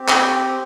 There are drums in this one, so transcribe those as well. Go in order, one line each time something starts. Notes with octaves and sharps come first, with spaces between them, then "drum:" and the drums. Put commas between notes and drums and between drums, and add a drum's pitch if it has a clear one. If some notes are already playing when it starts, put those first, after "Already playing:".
Already playing: C4 G4
A4, drum: clap